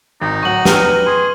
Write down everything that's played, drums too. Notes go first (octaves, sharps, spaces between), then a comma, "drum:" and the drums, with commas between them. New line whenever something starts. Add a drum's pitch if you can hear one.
G#1 D#4
D1 F#3 F#5 C#6 F#7
E2 F#3 B4 G5 F6 D#7, drum: snare
G#4 C6